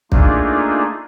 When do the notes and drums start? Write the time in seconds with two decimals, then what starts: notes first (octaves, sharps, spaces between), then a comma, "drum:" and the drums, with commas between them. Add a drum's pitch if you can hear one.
0.12 A3 A#3 D4 D#4 F4 G#4, drum: kick